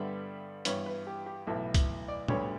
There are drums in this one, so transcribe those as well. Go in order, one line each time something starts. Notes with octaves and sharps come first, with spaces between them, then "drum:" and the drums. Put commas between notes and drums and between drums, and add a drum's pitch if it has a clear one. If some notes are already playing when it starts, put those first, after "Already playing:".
Already playing: G2 D3 G3 B3 E5
G2 E3 B3 C#5, drum: hi-hat
B4
G4
G4
B1 A2 E3 B3 A4
drum: kick, hi-hat
D5
D2 D3 G3 B3 C#5, drum: tom A2